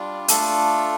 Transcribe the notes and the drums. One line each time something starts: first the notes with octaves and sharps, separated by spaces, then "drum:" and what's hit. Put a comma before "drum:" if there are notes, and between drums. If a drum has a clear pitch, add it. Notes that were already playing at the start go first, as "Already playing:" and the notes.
Already playing: G3 D4 F4
A3 D4 F4 A4, drum: hi-hat